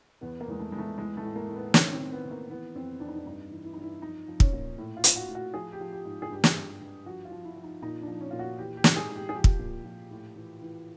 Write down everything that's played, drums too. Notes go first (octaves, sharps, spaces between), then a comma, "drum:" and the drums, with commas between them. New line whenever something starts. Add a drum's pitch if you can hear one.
E2 B3
A#3
E2 G#3
A3
E2 G#3
A3
E3 G#3
A3
A2
A#3
A2
B3
D#3 C#4, drum: snare
C4
D#3
B3
D#3
A#3
E3 B3
F2 C4
F2 D4
D#4
D4
G2 D#4
E3
E4
G2 D#4
E4
F3 D#4
F3
C#4, drum: kick
A#2
A2
F4
A2, drum: hi-hat
F#4
A2
F#4
F3 G#4
G4
F3
G4
G#2
G#4
G2 G4
G#4, drum: snare
G2
G2
F3 F#4
F4
F3
E4
F3
D#4
A#2 D#4
D4
F3
C#4
A#2 F4
F#4
E3 G4
G4
G#2, drum: snare
G#4
G#2
G4
G#4
F3 G4
drum: kick
A#2
F3
A2
E3
E3